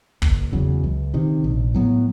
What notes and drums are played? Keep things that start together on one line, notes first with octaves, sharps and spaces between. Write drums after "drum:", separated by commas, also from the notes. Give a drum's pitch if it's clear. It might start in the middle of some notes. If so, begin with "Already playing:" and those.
F#1, drum: kick
E2 C#3 F#3
C#2
C3 D#3
A#1
A2 F#3 B3